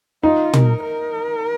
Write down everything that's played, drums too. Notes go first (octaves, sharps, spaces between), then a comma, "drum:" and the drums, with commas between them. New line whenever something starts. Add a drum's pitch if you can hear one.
D#4 F4
A#4, drum: tom
A#4